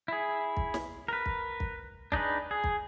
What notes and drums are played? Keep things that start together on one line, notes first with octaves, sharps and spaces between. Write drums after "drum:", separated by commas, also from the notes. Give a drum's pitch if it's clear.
E4 G#4
drum: kick
drum: snare
A#4 B4
drum: kick
drum: kick
D4 D#4 G#4 B4, drum: kick
G#4
drum: kick